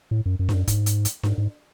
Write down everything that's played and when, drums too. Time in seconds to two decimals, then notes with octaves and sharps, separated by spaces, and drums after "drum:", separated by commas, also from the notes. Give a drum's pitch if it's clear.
0.11 A2
0.26 F#2
0.39 F#2
0.49 G#2, drum: snare D4
0.54 F#2
0.67 G#2, drum: kick, hi-hat
0.86 drum: hi-hat
1.05 drum: hi-hat
1.23 G#2, drum: snare D4
1.38 G#2